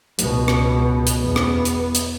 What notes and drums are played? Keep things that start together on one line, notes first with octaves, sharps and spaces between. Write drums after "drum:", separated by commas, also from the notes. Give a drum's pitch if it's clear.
C#2 B2, drum: hi-hat
drum: rim click
drum: hi-hat
E2 B3
drum: rim click
drum: hi-hat
drum: hi-hat